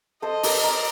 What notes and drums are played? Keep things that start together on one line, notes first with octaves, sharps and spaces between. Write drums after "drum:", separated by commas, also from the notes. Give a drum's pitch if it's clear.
A4 C5 D#5
A#4 D5, drum: open hi-hat
A#4 D5